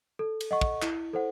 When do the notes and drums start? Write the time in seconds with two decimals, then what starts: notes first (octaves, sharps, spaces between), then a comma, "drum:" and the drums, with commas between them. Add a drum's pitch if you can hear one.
0.19 A4
0.41 drum: cymbal
0.51 D#5 F#5 C#6
0.61 drum: kick
0.82 E4, drum: clap
1.13 A4 C5 F#5